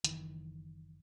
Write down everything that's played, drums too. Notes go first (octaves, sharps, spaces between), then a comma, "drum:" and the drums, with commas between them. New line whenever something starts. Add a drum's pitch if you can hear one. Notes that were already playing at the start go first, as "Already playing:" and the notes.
F#1 D#2 D#3 E3, drum: hi-hat